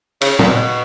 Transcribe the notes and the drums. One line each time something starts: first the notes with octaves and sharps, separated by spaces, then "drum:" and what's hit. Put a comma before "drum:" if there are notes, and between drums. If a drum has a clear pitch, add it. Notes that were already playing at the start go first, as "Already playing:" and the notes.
C#3, drum: cymbal
A#2, drum: tom
B2